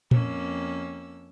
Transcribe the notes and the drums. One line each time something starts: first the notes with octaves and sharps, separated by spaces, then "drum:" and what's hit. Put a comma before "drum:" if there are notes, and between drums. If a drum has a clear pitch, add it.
F2 A#3 C#4 E6, drum: tom A#2